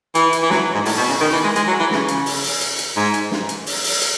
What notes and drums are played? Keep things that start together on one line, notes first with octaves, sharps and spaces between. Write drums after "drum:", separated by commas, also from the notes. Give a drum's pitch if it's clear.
E3, drum: hi-hat
drum: hi-hat
E3
F#3, drum: snare
G#2
A2, drum: open hi-hat
B2
C#3
D#3
E3
G#3
G#3, drum: hi-hat
F#3
E3
C#3, drum: snare
drum: hi-hat
drum: open hi-hat
drum: open hi-hat
drum: hi-hat
drum: hi-hat
G#2
drum: hi-hat
drum: snare
drum: hi-hat
drum: open hi-hat
drum: open hi-hat
drum: hi-hat